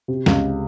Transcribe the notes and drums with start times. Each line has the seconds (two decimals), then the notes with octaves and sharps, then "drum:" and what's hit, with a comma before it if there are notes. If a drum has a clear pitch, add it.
0.08 C3
0.26 C#2, drum: snare